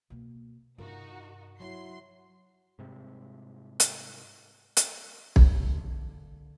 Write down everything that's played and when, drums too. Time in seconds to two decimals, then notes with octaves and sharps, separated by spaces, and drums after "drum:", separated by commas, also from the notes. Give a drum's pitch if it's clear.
0.10 B2 A#3
0.78 G2 C3 D#4 F4 F#4 A#4
1.60 F#3 E4 F#4 C6 C7
2.79 G#2 C3 G3
3.80 drum: hi-hat
4.77 drum: hi-hat
5.36 D3 A#3, drum: kick